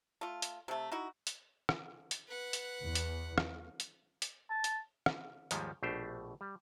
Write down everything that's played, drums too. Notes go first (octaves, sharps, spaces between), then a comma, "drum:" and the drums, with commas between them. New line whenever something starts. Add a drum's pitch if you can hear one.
A3 F4
drum: hi-hat
C3 A3
D#4 E4 F#4
drum: hi-hat
drum: rim click
drum: hi-hat
B4 F#5
drum: hi-hat
E2
drum: hi-hat
drum: rim click
drum: hi-hat
drum: hi-hat
A5
drum: hi-hat
drum: rim click
D#2 G#2 D#3 F3 G3 G#3, drum: hi-hat
A#1 B2 A3 D4 G4 C5
G3